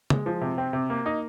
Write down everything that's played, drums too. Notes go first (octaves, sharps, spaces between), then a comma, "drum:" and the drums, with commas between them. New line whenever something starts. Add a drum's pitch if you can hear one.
G#3, drum: tom
F3
C3
C4
C3
A#3
D#4